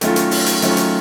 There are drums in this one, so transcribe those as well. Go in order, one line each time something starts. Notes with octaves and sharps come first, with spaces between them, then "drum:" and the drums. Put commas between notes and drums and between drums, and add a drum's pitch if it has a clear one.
D#3 F#3 A3 C#4 F4, drum: hi-hat
drum: hi-hat
drum: open hi-hat
drum: hi-hat
D#3 F#3 A3 C#4 F4, drum: hi-hat
drum: hi-hat